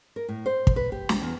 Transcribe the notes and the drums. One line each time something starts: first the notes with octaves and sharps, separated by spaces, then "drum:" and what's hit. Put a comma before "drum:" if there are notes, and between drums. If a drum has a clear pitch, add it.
A#4
A2
C5
drum: kick
B4
G4
drum: snare
E2